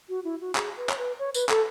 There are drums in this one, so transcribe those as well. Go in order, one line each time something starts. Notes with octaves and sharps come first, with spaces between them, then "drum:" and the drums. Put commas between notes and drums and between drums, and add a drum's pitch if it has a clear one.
F#4
E4
F#4
G#4, drum: clap
B4
C#5, drum: clap
B4
C#5
B4, drum: tambourine
A4, drum: clap